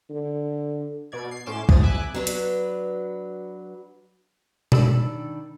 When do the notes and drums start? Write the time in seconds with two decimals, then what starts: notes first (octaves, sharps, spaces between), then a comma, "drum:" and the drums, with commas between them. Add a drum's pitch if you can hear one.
0.10 D3
1.12 B2 D5 G#6
1.31 C7
1.46 A2 C#4 C6 D6 E7
1.69 G#1 C3 F3 G#4 D#6 A6, drum: kick
1.83 F2 E5 G#5 B5 D6 F#6
2.14 F#3 D4 B4
2.27 drum: hi-hat
4.72 D#3 D4 D5 B5 E6, drum: tom B2